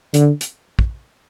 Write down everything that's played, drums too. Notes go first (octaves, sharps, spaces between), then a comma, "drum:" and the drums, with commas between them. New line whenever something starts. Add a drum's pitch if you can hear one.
D3, drum: hi-hat
drum: hi-hat
drum: kick